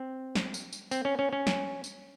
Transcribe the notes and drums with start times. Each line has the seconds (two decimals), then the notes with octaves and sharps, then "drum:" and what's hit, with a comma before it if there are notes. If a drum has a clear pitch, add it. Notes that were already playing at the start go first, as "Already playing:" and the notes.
Already playing: C4
0.35 drum: snare
0.54 drum: tambourine
0.73 drum: tambourine
0.91 C4, drum: tambourine
1.05 C#4
1.19 C#4
1.33 C#4
1.47 drum: snare
1.84 drum: tambourine